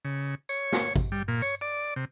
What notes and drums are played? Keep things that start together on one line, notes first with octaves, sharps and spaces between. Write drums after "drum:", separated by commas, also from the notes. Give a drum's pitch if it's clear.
C#3
C#5, drum: tambourine
drum: snare
drum: kick G#1, tambourine
G3
A#2
C#5, drum: tambourine
D5
C3